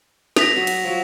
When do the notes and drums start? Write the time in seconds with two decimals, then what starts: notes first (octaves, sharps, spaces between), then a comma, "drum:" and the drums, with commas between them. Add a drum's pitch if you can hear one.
0.36 A#6 B6 F7, drum: snare
0.56 F#3
0.67 drum: cymbal
0.84 F3 F#3